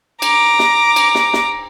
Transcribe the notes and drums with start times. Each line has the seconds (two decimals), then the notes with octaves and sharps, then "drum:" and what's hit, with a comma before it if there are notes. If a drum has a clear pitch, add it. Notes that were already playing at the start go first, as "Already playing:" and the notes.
0.22 A#5 D6, drum: cymbal
0.59 drum: snare
0.96 drum: cymbal
1.15 drum: snare
1.33 drum: snare